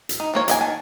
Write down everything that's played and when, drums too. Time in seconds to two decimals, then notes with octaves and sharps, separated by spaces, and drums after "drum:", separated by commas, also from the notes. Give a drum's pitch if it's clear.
0.09 drum: hi-hat
0.20 D#4
0.34 F3 A#3 C#5
0.48 A#3 D#5 G#5, drum: hi-hat
0.61 D#3 G#5 A5